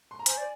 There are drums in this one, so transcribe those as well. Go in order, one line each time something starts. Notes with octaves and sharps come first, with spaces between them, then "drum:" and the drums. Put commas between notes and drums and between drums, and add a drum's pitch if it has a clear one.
C6
A#5
C5 G#5, drum: hi-hat
D5